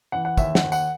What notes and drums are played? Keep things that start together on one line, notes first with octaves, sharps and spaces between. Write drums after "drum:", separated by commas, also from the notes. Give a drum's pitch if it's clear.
E3 F#5
F#5
D#2 E5, drum: kick, tambourine
F#5, drum: snare
D#2
F#5, drum: tambourine